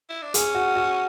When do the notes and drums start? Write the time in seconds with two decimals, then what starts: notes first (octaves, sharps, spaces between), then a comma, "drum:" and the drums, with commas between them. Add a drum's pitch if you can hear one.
0.09 E4
0.22 D4
0.34 C#4 G#4, drum: hi-hat
0.55 F#4
0.76 F#4